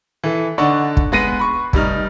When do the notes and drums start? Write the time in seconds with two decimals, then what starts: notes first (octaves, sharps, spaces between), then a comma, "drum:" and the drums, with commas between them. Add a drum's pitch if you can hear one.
0.23 E3 A4
0.58 D3 D#4 D5 F#5 C#6
0.97 drum: kick
1.12 G#3 B3 B4 A#6 C7 D#7
1.39 B5 C#6
1.73 F1 G3 D#4 F6, drum: kick